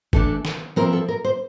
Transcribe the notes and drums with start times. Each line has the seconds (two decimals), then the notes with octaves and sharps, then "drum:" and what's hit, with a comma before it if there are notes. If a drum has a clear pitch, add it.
0.13 E3 A3 D4 A4, drum: kick G1
0.45 drum: snare
0.76 F3 C4 E4 A#4
0.93 A4
1.08 A#4
1.24 C5